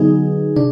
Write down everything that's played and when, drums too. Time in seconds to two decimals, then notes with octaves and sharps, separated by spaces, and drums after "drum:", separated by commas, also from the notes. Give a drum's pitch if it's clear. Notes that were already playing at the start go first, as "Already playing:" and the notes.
Already playing: D3 F#3 B3 D#4 G#4
0.56 D4, drum: tom